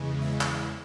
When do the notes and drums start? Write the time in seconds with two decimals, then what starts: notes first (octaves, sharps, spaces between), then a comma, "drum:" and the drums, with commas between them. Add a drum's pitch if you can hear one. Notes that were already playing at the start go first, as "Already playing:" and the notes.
Already playing: E2 C#3 E3 G#3
0.21 E5
0.41 drum: clap